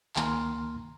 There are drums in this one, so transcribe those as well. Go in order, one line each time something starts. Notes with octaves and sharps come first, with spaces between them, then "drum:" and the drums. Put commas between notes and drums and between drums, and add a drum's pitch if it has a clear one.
C#2 D#3 A#3 A#5 C6 F6, drum: clap